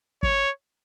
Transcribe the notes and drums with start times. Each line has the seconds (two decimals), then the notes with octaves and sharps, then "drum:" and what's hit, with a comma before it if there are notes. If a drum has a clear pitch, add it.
0.23 C#5, drum: kick